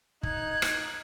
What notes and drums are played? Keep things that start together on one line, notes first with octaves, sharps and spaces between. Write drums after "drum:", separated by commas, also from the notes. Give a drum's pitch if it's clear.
D#4 F#6 G#6, drum: kick
drum: rim click